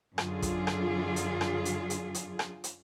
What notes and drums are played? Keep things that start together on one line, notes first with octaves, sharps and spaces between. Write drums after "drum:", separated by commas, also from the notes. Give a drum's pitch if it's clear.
F#2 D3 F4 G#4, drum: rim click
drum: kick, hi-hat
drum: rim click
drum: hi-hat
drum: rim click
drum: hi-hat
drum: hi-hat
drum: hi-hat
drum: rim click
drum: hi-hat